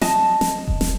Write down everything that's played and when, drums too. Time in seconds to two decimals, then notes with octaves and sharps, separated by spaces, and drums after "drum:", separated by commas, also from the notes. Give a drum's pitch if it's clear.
0.01 D#5 A5, drum: snare
0.41 drum: snare
0.68 drum: kick E1
0.81 drum: snare